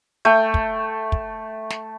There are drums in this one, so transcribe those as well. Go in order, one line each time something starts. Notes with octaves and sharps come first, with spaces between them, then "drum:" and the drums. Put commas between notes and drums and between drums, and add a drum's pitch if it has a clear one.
A3 G5
drum: kick
drum: kick
drum: snare